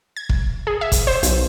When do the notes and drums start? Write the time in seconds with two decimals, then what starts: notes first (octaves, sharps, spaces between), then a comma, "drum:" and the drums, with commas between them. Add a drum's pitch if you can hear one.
0.17 G#6
0.29 drum: kick
0.67 G#4
0.81 E5
0.92 drum: kick, hi-hat
1.07 C5
1.23 B1, drum: hi-hat